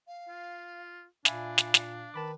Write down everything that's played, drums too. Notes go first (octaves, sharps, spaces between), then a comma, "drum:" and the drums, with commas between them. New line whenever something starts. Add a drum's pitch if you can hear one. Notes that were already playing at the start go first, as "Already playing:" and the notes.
F5
F4
A#2 D4 E5 F5 G#5 B5, drum: snare
drum: snare
drum: snare
D#3 B4 A5 B5 D6